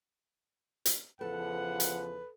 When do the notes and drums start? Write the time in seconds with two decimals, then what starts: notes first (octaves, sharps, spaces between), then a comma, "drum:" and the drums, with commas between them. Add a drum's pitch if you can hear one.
0.85 drum: hi-hat
1.21 E2 C#3 F3 A4 B4 F#5
1.80 drum: hi-hat